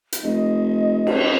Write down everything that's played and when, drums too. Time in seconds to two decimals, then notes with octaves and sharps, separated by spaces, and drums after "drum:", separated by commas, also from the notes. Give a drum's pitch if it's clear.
0.12 drum: hi-hat
0.23 F1 D#5
1.07 drum: cymbal